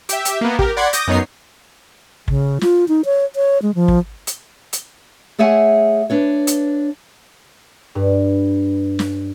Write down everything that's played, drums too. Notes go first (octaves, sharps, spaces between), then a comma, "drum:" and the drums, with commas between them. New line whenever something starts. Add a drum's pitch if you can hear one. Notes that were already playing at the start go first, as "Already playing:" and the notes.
G4 E5, drum: hi-hat
drum: hi-hat
A#3 B3
G4 A#4, drum: kick
D5 F#5 B5 C6 G#6
D6 D#6 G6 A#6, drum: hi-hat
F#2 B3 D#4 C#5 C7
C#3, drum: kick
F4, drum: snare
D#4
C#5
C#5
G#3
F3
drum: kick
drum: hi-hat
drum: hi-hat
A3 G#4 C#5 E5 F#5 G#5
D4 B4 C#5
drum: hi-hat
G2
drum: snare